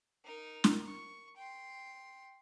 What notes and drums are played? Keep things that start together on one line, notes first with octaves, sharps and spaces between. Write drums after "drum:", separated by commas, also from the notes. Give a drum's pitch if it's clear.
D#4 A#4
drum: snare
C#6
G5 C6